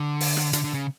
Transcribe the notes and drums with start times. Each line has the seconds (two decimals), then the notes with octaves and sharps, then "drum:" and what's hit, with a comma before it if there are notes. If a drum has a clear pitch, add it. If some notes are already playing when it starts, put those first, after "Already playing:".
Already playing: D3
0.20 drum: open hi-hat
0.37 drum: rim click
0.53 D3, drum: hi-hat
0.64 D3
0.74 C#3